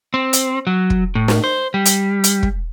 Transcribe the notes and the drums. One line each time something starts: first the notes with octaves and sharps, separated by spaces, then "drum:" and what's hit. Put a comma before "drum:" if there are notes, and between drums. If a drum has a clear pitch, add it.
C4
drum: hi-hat
F#3
drum: kick
A2
drum: snare
C5
G3
drum: hi-hat
drum: hi-hat
drum: kick